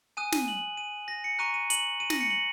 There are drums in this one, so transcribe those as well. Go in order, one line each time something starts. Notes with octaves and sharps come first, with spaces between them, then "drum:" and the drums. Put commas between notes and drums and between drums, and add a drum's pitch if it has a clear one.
G#5 D#6 F#6 D#7
D#7, drum: snare
F#7
D#7
A#6
C#7
A#5 C#6 F#6 D#7
D#7
F#7, drum: hi-hat
D#7
A#6, drum: snare
C#7
F#7